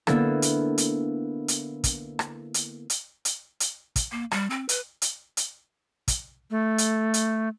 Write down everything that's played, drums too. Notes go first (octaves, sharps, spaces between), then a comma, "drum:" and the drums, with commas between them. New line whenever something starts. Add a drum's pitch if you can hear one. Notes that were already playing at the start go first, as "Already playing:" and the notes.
D3 A#3 B3 E4 A4, drum: rim click
drum: hi-hat
drum: hi-hat
drum: hi-hat
drum: kick, hi-hat
drum: rim click
drum: hi-hat
drum: hi-hat
drum: hi-hat
drum: hi-hat
drum: kick, hi-hat
A#3
G3, drum: rim click
C4
B4, drum: hi-hat
drum: hi-hat
drum: hi-hat
drum: kick, hi-hat
A3
drum: hi-hat
drum: hi-hat